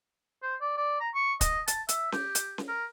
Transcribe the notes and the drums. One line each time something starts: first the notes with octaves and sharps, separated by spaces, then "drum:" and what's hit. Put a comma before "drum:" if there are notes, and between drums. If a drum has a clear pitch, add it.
C5
D5
D5
A#5
C#6
D#5, drum: kick, hi-hat
A5, drum: hi-hat
E5, drum: hi-hat
G4, drum: snare C#4
drum: hi-hat
drum: snare C#4
A#4